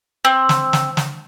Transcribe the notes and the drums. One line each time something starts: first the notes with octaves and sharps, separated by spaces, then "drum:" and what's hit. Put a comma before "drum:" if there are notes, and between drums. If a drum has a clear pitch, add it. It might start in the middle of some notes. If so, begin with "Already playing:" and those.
C4
drum: snare
drum: snare
drum: snare